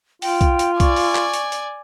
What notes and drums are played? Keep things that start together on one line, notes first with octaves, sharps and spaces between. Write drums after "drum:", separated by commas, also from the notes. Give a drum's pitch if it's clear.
F4 G5, drum: open hi-hat
drum: kick B1, hi-hat
drum: hi-hat
D5 G#5 C#6, drum: kick B1, hi-hat
drum: open hi-hat
drum: clap
drum: hi-hat
drum: hi-hat